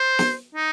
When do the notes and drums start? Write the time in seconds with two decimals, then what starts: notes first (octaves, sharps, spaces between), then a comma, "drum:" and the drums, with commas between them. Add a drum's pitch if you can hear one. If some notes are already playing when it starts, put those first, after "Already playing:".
Already playing: C5
0.19 drum: snare
0.55 D#4